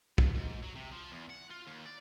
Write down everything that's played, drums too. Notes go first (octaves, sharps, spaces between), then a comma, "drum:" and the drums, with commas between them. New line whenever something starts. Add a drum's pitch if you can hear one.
G2, drum: kick
G#2
F#3
C3
F3
E2
F#5
F4
D#2
D5